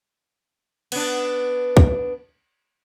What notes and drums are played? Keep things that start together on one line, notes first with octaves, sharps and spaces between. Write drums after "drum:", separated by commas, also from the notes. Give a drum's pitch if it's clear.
B3 D4, drum: cymbal
drum: kick